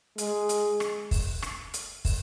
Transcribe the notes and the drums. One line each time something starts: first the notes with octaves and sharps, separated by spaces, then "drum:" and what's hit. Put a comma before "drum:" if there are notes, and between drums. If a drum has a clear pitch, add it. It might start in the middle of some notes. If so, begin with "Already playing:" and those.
G#3, drum: hi-hat
drum: hi-hat
drum: rim click
drum: kick, open hi-hat
drum: rim click
drum: hi-hat
drum: kick, open hi-hat